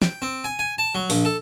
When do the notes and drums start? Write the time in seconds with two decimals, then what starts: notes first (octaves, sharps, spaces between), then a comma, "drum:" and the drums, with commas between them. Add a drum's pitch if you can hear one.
0.02 G5, drum: snare
0.22 C4
0.44 G#5
0.59 G#5
0.78 A5
0.95 F#3
1.10 A#1, drum: open hi-hat
1.25 A4